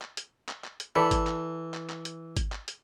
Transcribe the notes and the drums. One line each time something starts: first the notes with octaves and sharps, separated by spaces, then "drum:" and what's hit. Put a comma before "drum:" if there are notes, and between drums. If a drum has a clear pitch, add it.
drum: clap
drum: hi-hat
drum: clap
drum: clap
drum: hi-hat
E3 A4 D5 B5
drum: kick G#1, hi-hat
drum: clap
drum: clap
drum: clap
drum: hi-hat
drum: kick G#1, hi-hat
drum: clap
drum: hi-hat